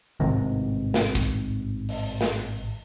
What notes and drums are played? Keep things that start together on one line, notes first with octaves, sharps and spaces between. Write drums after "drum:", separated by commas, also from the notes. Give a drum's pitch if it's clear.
A1 G#2 C3 D#3
drum: snare
drum: kick
drum: open hi-hat
drum: snare